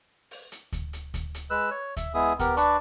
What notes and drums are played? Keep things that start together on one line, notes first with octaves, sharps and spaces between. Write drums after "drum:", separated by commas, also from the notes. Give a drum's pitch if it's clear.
drum: open hi-hat
drum: hi-hat
drum: kick D2, hi-hat
drum: hi-hat
drum: kick D2, hi-hat
drum: hi-hat
G#3 B4 E6 F#6
C#5
E5, drum: kick D2, hi-hat
G#3 B3 E4 G#4 E5 D#6
B3 G4 A#4, drum: kick D2, hi-hat
D4 B4 D5 A5 C#6, drum: hi-hat